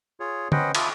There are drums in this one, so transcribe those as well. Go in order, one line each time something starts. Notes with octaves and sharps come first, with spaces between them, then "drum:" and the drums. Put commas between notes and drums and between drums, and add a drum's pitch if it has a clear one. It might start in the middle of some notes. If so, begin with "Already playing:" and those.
F4 G#4 C#5
C#4 B4 C5 D#5 F#5 G5, drum: tom D3
F4 E5 A5 B5 D6 D#6, drum: cymbal